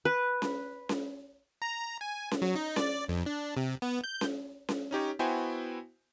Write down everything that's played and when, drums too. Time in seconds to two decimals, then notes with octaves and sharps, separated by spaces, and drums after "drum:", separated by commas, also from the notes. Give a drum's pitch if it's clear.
0.05 B4
0.42 drum: snare C#4
0.89 drum: snare C#4
1.62 A#5
2.01 G#5
2.31 drum: snare C#4
2.42 F#3
2.56 D#4
2.76 D5, drum: snare C#4
3.09 F2
3.26 D4
3.57 C3
3.82 B3
4.04 G6
4.21 drum: snare C#4
4.69 drum: snare C#4
4.91 C#4 D#4 G4 C#5
5.19 B3 E4 F#4 C5 G5 G#5